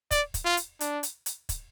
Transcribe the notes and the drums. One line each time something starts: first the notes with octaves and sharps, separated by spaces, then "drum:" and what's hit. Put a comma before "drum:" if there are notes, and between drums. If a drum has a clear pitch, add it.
D5, drum: kick, hi-hat
drum: kick, hi-hat
F4
drum: hi-hat
D4, drum: hi-hat
drum: hi-hat
drum: hi-hat
drum: kick, hi-hat